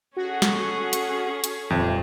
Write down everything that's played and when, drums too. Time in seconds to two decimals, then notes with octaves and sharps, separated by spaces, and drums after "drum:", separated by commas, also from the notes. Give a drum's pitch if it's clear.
0.17 C#4 F#4 G#4 A4
0.42 drum: snare
0.93 drum: hi-hat
1.44 drum: hi-hat
1.70 D#1 F2